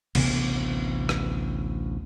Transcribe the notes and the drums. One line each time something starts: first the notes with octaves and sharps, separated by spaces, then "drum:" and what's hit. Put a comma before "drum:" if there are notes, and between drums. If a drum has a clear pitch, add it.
A1 D2 C3 B3, drum: cymbal
drum: rim click